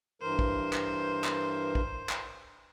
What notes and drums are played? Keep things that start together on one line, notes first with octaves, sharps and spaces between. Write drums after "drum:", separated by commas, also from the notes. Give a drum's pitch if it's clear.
G2 E3 A#4 C5
drum: kick
drum: clap
drum: clap
drum: kick
drum: clap